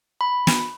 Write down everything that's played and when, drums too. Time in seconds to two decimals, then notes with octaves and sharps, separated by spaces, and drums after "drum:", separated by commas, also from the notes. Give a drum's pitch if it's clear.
0.21 B5
0.47 drum: snare